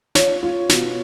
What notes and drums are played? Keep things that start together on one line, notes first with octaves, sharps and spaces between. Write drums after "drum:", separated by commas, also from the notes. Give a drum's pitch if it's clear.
F4 C#5, drum: snare
F4
B2, drum: snare